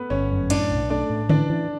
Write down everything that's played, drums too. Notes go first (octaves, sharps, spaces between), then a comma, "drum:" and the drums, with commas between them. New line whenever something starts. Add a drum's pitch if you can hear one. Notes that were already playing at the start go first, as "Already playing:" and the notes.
Already playing: A3 B3 B4
G1 C#4 C#5
F#2
A2 D4 D5, drum: cymbal
B1
A3 D4 D5
A2
E3 D4 D5, drum: tom D3
E3